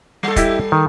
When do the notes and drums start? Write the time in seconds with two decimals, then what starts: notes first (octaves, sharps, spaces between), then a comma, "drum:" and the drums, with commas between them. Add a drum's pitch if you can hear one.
0.23 G3 A4
0.36 E4 G4 D#5, drum: kick, hi-hat
0.72 D#3